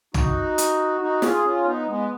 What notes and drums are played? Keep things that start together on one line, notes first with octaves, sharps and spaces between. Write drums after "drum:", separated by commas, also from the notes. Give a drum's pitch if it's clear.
D#4 F#4, drum: tom
drum: hi-hat
D#4 F#4
F4 G#4, drum: snare
C#4 F4
B3 D#4
G#3 B3